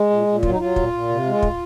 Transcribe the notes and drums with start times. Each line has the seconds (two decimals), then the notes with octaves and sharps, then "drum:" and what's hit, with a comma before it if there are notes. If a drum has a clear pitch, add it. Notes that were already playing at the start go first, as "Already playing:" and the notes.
Already playing: G#3
0.10 A#2
0.27 A#2
0.43 F#3 F4, drum: kick
0.50 D#4
0.58 F#3 F4
0.76 A#2, drum: kick
0.92 A#2
1.09 C3
1.26 G#3
1.42 drum: kick